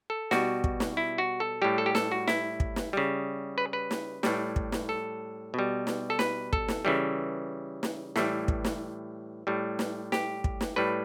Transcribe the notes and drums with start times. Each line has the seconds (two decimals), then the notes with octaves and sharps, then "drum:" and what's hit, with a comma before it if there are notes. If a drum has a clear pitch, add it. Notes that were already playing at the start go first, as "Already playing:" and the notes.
0.10 A4
0.31 B2 G3 F#4, drum: snare
0.64 drum: kick
0.80 drum: snare
0.97 E4
1.18 F#4
1.40 A4
1.62 A2 G3 G4
1.78 A4
1.86 G4
1.95 A4, drum: snare
2.11 F#4
2.28 E4, drum: snare
2.60 drum: kick
2.76 drum: snare
2.93 C#3 G3
3.58 B4
3.73 B4
3.91 drum: snare
4.23 A2 G3, drum: snare
4.56 drum: kick
4.72 drum: snare
4.89 A4
5.54 B2 G3
5.87 drum: snare
6.10 A4
6.19 B4, drum: snare
6.53 A4, drum: kick
6.68 drum: snare
6.85 C#3 E3 G3
7.83 drum: snare
8.16 A2 E3 G3, drum: snare
8.48 drum: kick
8.65 drum: snare
9.47 A2 G3
9.79 drum: snare
10.12 G4, drum: snare
10.44 drum: kick
10.61 drum: snare
10.76 A2 G3 B4